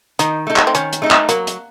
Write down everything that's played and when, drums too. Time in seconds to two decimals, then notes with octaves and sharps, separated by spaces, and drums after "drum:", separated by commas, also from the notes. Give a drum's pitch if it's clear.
0.19 D#3 D#4, drum: hi-hat
0.47 A3 D#4 A4
0.56 drum: clap
0.67 C4
0.75 D#3 C#4, drum: hi-hat
0.93 drum: hi-hat
1.02 A3 D#4 A4
1.11 drum: clap
1.29 F#3 A#3, drum: hi-hat
1.47 drum: hi-hat